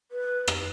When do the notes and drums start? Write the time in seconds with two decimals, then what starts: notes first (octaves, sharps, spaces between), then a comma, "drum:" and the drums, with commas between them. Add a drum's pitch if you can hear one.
0.11 B4
0.48 drum: rim click